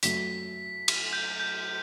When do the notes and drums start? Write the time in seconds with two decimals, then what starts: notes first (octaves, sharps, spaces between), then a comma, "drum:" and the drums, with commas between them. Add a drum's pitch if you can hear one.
0.03 F#2 F#3 A3 B6, drum: hi-hat
0.88 drum: cymbal
1.13 G6
1.40 G6